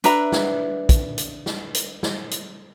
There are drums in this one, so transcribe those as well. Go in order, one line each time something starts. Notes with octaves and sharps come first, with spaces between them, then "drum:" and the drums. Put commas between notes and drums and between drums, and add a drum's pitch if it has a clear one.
D4 B4 E5 A#5, drum: hi-hat
drum: snare
drum: kick, hi-hat
drum: hi-hat
drum: snare
drum: hi-hat
drum: snare
drum: hi-hat